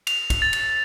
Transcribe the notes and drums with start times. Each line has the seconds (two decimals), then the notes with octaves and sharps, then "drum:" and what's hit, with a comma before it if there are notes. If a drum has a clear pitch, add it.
0.07 F7, drum: cymbal
0.30 drum: kick, cymbal
0.42 A6
0.53 drum: cymbal